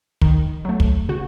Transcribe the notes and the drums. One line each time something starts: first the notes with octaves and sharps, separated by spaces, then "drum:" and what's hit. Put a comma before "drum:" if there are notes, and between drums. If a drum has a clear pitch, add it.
D#3, drum: kick
F#3 A3
drum: kick
C#3 F#4